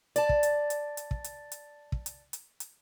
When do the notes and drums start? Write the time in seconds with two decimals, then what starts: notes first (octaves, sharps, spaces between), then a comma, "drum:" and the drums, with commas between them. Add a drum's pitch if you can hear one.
0.16 D5 A5, drum: hi-hat
0.29 drum: kick
0.43 drum: hi-hat
0.70 drum: hi-hat
0.97 drum: hi-hat
1.11 drum: kick
1.24 drum: hi-hat
1.52 drum: hi-hat
1.92 drum: kick
2.06 drum: hi-hat
2.33 drum: hi-hat
2.60 drum: hi-hat